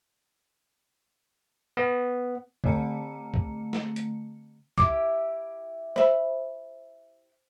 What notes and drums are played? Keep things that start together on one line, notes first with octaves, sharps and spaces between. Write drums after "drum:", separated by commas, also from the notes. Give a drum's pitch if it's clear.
B3
D3 A3 C4 A5 A#5 C#7, drum: kick C2
drum: kick C2
drum: snare
drum: hi-hat
E4 G4 D6, drum: kick C2
C5 E5 B5, drum: snare